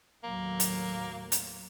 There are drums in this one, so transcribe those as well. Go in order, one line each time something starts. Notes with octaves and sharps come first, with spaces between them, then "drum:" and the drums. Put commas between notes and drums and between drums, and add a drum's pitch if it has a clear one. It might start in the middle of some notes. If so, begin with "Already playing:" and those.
D#2 A2 F#3 A#3
drum: hi-hat
drum: hi-hat